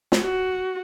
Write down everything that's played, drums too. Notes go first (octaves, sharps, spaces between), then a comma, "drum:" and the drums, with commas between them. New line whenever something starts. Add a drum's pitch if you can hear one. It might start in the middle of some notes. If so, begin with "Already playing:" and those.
drum: snare
F#4